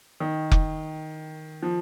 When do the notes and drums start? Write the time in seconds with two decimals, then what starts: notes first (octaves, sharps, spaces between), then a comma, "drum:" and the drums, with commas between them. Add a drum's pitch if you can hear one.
0.20 D#3
0.51 drum: kick F1
1.63 F3